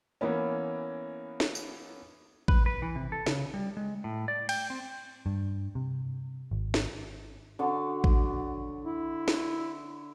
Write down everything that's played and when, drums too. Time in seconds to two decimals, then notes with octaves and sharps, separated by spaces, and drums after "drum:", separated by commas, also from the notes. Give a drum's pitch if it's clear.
0.21 E3 A#3 B3 C#4
1.40 drum: snare
1.55 drum: tambourine
2.48 B4, drum: kick A1
2.66 B4
2.82 E3
2.96 C3
3.12 A4
3.26 C#3, drum: snare
3.54 G3
3.77 G#3
4.04 A2
4.28 D5
4.49 G5, drum: cymbal
4.70 C4
5.26 G2
5.75 C3
6.51 G#1
6.74 drum: snare
7.59 D3 F#4 C#5 D5
8.04 drum: kick A1
8.85 E4
9.28 drum: snare